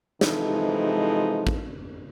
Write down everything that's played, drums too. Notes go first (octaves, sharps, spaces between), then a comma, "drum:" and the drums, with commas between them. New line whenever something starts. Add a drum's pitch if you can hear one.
C3 E3 F3 G#3 D#4 A4, drum: snare
drum: kick